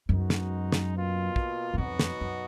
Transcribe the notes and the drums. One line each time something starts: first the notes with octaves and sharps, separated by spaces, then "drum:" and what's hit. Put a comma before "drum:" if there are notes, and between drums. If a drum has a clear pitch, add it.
F#2 B2 G#3 D#4 F#4
drum: snare
drum: snare
B2 A#3 F4
drum: kick
F#2
F2 B2 F#3 B3 D#4 F#4
drum: snare
F#2